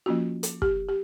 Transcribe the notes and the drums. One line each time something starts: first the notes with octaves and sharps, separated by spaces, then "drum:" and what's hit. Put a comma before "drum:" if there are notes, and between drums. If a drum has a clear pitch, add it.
F3 A#3 C#4 F4 F#4
drum: hi-hat
G4, drum: kick
G4